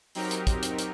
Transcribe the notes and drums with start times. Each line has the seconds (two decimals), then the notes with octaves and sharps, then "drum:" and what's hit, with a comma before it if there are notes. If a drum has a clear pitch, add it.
0.15 F#3 C4 D#4 G4 A#4, drum: open hi-hat
0.31 drum: hi-hat
0.47 drum: kick, hi-hat
0.63 drum: hi-hat
0.79 drum: hi-hat